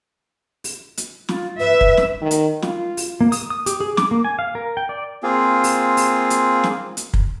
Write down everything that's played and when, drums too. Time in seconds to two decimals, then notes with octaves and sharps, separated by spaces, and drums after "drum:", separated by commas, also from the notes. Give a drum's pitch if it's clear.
0.64 drum: open hi-hat
0.97 drum: hi-hat
1.29 F4, drum: snare
1.60 B4 E5
1.81 drum: kick
1.97 drum: snare
2.21 D#3
2.31 drum: hi-hat
2.62 F4, drum: snare
2.97 drum: open hi-hat
3.21 A#3
3.32 D#6, drum: open hi-hat
3.50 D#6
3.66 G4, drum: hi-hat
3.81 G#4
3.97 D6, drum: snare
4.11 A#3
4.24 G#5
4.39 F5
4.55 A#4
4.77 G5
4.89 D5
5.23 A#3 C4 F4 G#4
5.64 drum: open hi-hat
5.97 drum: open hi-hat
6.30 drum: hi-hat
6.64 drum: snare
6.97 drum: hi-hat
7.14 drum: kick